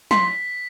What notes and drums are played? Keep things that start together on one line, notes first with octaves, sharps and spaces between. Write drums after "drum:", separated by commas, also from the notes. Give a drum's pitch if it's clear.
C6 B6, drum: snare